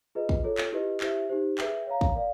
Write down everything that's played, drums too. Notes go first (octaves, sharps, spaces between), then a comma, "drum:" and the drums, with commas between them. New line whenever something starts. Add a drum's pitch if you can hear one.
F4 G#4 B4 D#5
drum: kick
F4 A4 C#5
drum: clap
E4 G4 B4 D#5
E4 G4 C5 E5, drum: clap
D#4 G4 C5
G#4 B4 E5 G5, drum: clap
C#5 F5 A#5
drum: kick
A#4 D5 F5